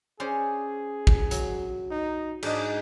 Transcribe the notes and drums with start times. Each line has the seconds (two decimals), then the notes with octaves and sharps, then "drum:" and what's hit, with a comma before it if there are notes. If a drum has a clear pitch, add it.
0.20 C#4 G#4 C5 D5
1.07 drum: kick
1.31 F#3, drum: hi-hat
1.91 D#4
2.43 G#2 D4 D#5, drum: cymbal